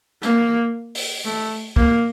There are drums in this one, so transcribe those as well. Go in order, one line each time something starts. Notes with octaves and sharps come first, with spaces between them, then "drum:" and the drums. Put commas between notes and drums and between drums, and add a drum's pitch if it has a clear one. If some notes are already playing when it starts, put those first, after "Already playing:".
A#3, drum: hi-hat
drum: open hi-hat
A3
A#3, drum: kick